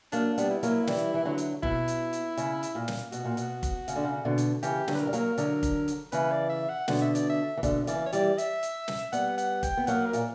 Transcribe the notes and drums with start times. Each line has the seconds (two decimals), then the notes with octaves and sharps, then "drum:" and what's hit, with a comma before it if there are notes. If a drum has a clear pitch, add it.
0.12 F#3 A#3 D4, drum: hi-hat
0.38 G3 B3, drum: hi-hat
0.51 E4
0.63 F#3 A#3, drum: hi-hat
0.87 E3 G3, drum: snare
1.14 E3
1.25 D3 F#3
1.38 drum: hi-hat
1.63 B2 E4, drum: kick
1.88 drum: hi-hat
2.13 drum: hi-hat
2.37 C#3, drum: hi-hat
2.63 drum: hi-hat
2.75 A#2
2.88 drum: snare
3.12 B2 F#4, drum: hi-hat
3.25 A#2
3.37 B2, drum: hi-hat
3.63 drum: kick, hi-hat
3.88 C#3, drum: hi-hat
3.95 D3
4.04 C#3
4.25 B2 D3
4.38 drum: hi-hat
4.63 C#3 E3 G4, drum: hi-hat
4.88 D3 F#3, drum: snare
4.95 B4
5.01 A#4
5.07 G3
5.13 F#3 A#3, drum: hi-hat
5.38 D3 F#3, drum: hi-hat
5.63 drum: kick, hi-hat
5.88 drum: hi-hat
6.12 C#3 E3 B4, drum: hi-hat
6.31 D5
6.50 E5
6.69 F#5
6.88 B2 D3 F#5, drum: snare
7.02 E5
7.15 D5, drum: hi-hat
7.30 E5
7.57 E3
7.63 B2 D3, drum: kick, hi-hat
7.87 C#3 E3 D5, drum: hi-hat
8.06 C#5
8.13 E3 G3 D5, drum: hi-hat
8.38 E5, drum: hi-hat
8.63 drum: hi-hat
8.88 drum: snare
9.13 G3 B3 F#5, drum: hi-hat
9.38 F#5, drum: hi-hat
9.63 G5, drum: kick, hi-hat
9.77 B3
9.87 F#3 A#3 F#5, drum: hi-hat
10.07 A#4
10.13 A#2, drum: hi-hat